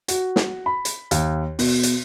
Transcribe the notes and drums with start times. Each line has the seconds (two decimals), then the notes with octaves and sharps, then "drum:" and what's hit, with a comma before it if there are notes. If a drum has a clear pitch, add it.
0.08 F#4, drum: hi-hat
0.36 drum: snare
0.66 B5
0.85 drum: hi-hat
1.11 D#2, drum: hi-hat
1.59 B2, drum: open hi-hat
1.83 drum: hi-hat